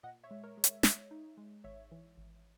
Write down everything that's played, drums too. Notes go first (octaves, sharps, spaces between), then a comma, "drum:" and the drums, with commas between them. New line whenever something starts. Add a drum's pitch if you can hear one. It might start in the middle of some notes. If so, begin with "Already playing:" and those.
A#2 D#5 F#5
C#5 E5
G#3
A#4 C#5
G#3
C#5 E5, drum: hi-hat
G#3 C#5 E5, drum: snare
D#4
G#3
G#1 C#5 E5
E3
G#1